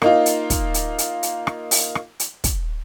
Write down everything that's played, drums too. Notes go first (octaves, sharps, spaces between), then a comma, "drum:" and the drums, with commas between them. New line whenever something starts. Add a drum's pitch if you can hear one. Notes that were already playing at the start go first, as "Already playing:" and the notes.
A#3 D#4 F4, drum: rim click
drum: hi-hat
drum: kick, hi-hat
drum: hi-hat
drum: hi-hat
drum: hi-hat
drum: rim click
drum: open hi-hat
drum: rim click
drum: hi-hat
drum: kick, hi-hat